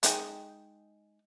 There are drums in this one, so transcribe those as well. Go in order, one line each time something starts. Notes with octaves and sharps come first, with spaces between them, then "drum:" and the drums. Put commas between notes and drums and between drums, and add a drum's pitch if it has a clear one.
G#3 D#4 G5, drum: hi-hat